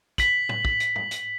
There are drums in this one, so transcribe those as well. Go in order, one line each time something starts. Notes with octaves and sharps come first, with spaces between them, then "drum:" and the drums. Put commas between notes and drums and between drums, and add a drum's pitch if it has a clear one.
B6 F#7, drum: kick, hi-hat
drum: tom
drum: kick
drum: hi-hat
drum: tom G#2
drum: hi-hat